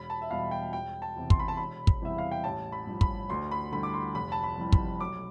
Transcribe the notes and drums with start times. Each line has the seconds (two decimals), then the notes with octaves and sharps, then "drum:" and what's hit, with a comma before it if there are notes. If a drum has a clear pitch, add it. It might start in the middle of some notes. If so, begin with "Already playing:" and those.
Already playing: E1 B5
0.10 A5
0.22 E5
0.31 E2 B2 G3 F5
0.51 G5
0.73 E1 G5
1.02 A5
1.16 E2 C3
1.30 C6, drum: kick
1.39 B5
1.48 A5
1.57 E1 B5
1.87 drum: kick
2.02 E2 C3 E3 G3 E5
2.18 F5
2.31 G5
2.44 A1 A5
2.72 B5
2.87 G2 F3
3.01 B5, drum: kick
3.30 D2 C6
3.51 B5
3.72 D3 G3 B5
3.83 D6
3.94 C6
4.15 F1 B5
4.32 A5
4.44 B5
4.58 F2 E3 G3
4.72 B5, drum: kick
5.00 B1 D6